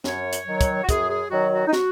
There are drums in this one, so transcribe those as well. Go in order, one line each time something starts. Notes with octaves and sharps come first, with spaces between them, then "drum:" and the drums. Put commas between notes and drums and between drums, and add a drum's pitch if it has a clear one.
F#2 C#5, drum: snare
drum: hi-hat
D#3 F#3
drum: kick, hi-hat
F#4
F#2 G#4, drum: kick, hi-hat
G#4
D#3 F#3 F#4
F#4
D#4
F#4, drum: snare